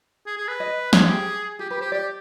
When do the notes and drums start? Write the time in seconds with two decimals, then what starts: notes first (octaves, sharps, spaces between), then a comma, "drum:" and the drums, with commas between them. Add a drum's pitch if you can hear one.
0.26 G#4
0.37 G#4
0.48 B4
0.60 D#5
0.93 G#4, drum: snare
1.09 G4
1.59 G4 G#4
1.70 G4 B4
1.81 G4 C5
1.92 G4 D5